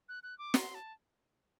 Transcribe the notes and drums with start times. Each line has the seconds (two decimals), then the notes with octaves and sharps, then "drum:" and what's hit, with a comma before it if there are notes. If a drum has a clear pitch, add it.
0.09 F#6
0.23 F#6
0.38 D6
0.54 C6, drum: snare
0.74 A5